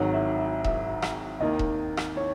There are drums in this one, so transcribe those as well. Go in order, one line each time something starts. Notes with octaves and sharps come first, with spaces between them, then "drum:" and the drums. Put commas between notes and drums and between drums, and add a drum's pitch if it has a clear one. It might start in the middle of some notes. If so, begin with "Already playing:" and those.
Already playing: G#1 G#2 D#3 F#3 C#5
E5
E5
E5, drum: kick E1
drum: rim click
D#2 D#3 A#3 D#5
drum: kick E1
drum: rim click
C#5